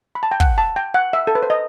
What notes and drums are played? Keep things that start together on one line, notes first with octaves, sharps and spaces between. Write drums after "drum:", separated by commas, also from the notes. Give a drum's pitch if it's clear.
B5
A5
G5
F#5, drum: kick
A5
G5
F#5
E5
A4
B4
C5
D#5